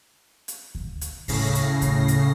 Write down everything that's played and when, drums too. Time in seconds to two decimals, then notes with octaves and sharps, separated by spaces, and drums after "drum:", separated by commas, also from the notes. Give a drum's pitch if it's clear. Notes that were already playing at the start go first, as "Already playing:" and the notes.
0.48 drum: hi-hat
0.75 drum: kick D2
1.01 drum: hi-hat
1.28 A2 C#3 A#6 C7, drum: kick D2, open hi-hat
1.55 drum: hi-hat
1.81 drum: kick D2, hi-hat
2.08 drum: hi-hat